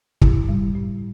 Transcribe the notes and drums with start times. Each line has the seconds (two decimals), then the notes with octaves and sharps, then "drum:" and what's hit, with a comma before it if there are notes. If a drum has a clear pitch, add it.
0.22 A2 E4, drum: kick
0.49 G3
0.75 A2